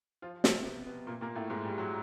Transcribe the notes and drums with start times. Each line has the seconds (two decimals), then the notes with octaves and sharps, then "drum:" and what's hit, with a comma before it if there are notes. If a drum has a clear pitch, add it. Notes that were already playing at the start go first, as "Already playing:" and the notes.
0.22 F3 F4
0.44 C3 C4, drum: snare
0.64 B2 B3
0.86 B2 B3
1.07 A#2 A#3
1.21 A#2 A#3
1.35 A2 A3
1.50 G#2 G#3
1.65 G3
1.78 F#3